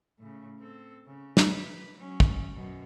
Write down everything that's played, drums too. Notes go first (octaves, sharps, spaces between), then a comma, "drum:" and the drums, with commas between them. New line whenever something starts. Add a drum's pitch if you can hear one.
A2 C#3
C4 A4
C#3
B4, drum: snare
F#3 C#4
drum: kick
F#2 B2